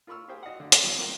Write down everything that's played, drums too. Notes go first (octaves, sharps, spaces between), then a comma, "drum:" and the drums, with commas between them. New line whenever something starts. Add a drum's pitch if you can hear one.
F4 A#4 B5 C#6 E6 F6
G4 G#4 A#4 C5 F5 G5
F#4 D#5 F5 F#5
D3
drum: hi-hat
D#3 F3 G3 B3
A#3 C4 F4 A#4 G5